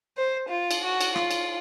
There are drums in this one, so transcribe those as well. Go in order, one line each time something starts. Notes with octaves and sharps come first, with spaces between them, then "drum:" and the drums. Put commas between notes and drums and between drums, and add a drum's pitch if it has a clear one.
C5
F4
drum: cymbal
F#4
drum: cymbal
F4, drum: rim click
drum: cymbal